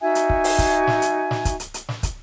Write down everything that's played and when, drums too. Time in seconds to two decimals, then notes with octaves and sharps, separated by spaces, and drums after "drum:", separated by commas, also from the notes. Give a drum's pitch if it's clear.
0.01 D#4 F#4 E5 G#5
0.15 drum: hi-hat
0.30 drum: kick
0.44 drum: open hi-hat
0.58 drum: kick, hi-hat
0.87 drum: snare
1.02 drum: hi-hat
1.31 drum: snare
1.45 drum: kick, hi-hat
1.60 drum: hi-hat
1.74 drum: hi-hat
1.89 drum: snare
2.03 drum: kick, hi-hat